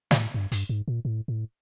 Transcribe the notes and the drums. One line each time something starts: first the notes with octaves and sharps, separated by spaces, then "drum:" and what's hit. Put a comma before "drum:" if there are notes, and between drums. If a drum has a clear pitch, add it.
A2, drum: snare
G2
G2, drum: hi-hat
G#2
A#2
A2
A2